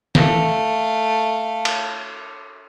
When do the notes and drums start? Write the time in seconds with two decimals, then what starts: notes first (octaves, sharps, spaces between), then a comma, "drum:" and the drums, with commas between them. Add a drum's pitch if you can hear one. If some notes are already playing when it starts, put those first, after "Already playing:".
0.15 A3 F5, drum: snare
1.65 drum: cymbal